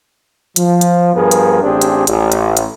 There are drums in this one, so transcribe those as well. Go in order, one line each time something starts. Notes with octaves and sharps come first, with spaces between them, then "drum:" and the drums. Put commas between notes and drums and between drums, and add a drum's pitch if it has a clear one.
F3, drum: hi-hat
drum: hi-hat
G2 F3 B3 G#4 A#4
drum: hi-hat
A1 C4 D4 G4 G#4
drum: hi-hat
A1, drum: hi-hat
drum: hi-hat
drum: hi-hat